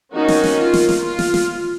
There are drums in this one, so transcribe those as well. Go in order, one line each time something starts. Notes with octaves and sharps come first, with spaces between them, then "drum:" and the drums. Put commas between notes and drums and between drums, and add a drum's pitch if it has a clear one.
D#3 A#3 C#4 D#4 F#4
drum: snare
drum: snare
F4
drum: snare
drum: snare
F4
drum: snare
drum: snare